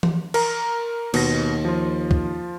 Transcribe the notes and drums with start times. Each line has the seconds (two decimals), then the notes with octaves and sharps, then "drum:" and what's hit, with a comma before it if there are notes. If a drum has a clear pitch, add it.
0.03 drum: tom E3
0.34 A#4 A#5, drum: cymbal
1.14 D#2 B2 A#6, drum: cymbal
1.65 F3 F4
2.11 drum: kick